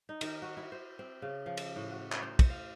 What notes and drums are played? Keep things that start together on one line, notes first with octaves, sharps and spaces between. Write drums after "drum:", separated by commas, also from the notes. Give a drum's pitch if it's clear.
D#4
D#3, drum: cymbal
F#4
E4
C5
C4
C#3
F3
drum: cymbal
A2
F#4
drum: clap
C5
drum: kick, cymbal
F5